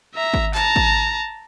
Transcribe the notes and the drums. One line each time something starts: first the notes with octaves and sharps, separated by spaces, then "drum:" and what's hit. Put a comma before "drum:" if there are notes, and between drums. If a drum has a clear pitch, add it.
E5 A#5
drum: kick G#1
A5 A#5, drum: clap
drum: kick G#1